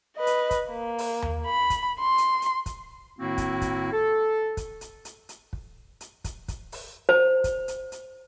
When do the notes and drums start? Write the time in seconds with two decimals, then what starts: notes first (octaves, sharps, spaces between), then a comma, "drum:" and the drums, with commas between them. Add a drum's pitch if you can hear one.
0.17 B4 D#5
0.27 drum: hi-hat
0.51 drum: kick, hi-hat
0.70 A#3
0.98 drum: open hi-hat
1.22 drum: tom D#2
1.46 B5
1.70 drum: kick, hi-hat
2.00 C6
2.18 drum: hi-hat
2.42 drum: hi-hat
2.66 drum: kick, hi-hat
3.18 A2 D#3 A#3 C4 E4 F#4
3.38 drum: kick, hi-hat
3.61 drum: kick, hi-hat
3.92 A4
4.57 drum: kick, hi-hat
4.81 drum: hi-hat
5.05 drum: hi-hat
5.29 drum: hi-hat
5.53 drum: kick
6.01 drum: hi-hat
6.24 drum: kick, hi-hat
6.48 drum: kick, hi-hat
6.72 drum: open hi-hat
7.09 C5
7.44 drum: kick, hi-hat
7.68 drum: hi-hat
7.92 drum: hi-hat